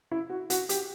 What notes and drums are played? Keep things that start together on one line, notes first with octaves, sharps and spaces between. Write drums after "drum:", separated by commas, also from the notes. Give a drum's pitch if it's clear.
E4
F#4
F#4, drum: hi-hat
G4, drum: hi-hat